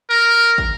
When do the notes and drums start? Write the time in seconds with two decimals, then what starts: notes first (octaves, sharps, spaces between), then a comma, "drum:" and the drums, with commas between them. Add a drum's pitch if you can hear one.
0.10 A#4
0.58 drum: kick